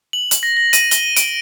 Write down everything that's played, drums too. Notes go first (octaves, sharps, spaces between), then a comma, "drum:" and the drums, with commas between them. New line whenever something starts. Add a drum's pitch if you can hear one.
F#7
drum: hi-hat
A#6
A#6
D#7, drum: hi-hat
G7, drum: hi-hat
D7, drum: hi-hat